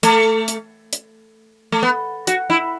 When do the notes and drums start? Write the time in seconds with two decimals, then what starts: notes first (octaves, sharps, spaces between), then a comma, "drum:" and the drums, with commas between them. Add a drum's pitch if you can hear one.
0.03 A3, drum: hi-hat
0.48 drum: hi-hat
0.93 drum: hi-hat
1.72 A3
1.83 B3
2.27 F#4, drum: hi-hat
2.50 E4